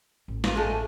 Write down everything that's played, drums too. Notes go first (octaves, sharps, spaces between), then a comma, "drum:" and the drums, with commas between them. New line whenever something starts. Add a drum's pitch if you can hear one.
A1
A#3 C4 F4, drum: snare
G#3 A3